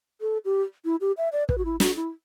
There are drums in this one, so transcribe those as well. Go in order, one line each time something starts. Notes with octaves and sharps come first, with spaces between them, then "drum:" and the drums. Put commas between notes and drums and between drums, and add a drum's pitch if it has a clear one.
A4
G4
E4
G4
E5
D5
B4, drum: kick
F#4
E4
F#4, drum: snare
E4